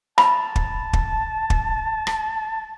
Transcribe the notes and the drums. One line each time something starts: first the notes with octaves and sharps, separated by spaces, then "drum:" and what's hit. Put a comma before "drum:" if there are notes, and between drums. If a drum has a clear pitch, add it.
A5 B5, drum: rim click
drum: kick
drum: kick
drum: kick
drum: rim click